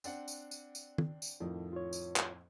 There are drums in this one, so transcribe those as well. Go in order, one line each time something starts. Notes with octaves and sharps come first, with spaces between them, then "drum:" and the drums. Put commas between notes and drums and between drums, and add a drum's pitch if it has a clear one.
C4 D4 F#5, drum: tambourine
drum: tambourine
drum: tambourine
drum: tambourine
drum: tom
drum: tambourine
F2 A2 D#3 F3
F4 C#5
drum: tambourine
drum: clap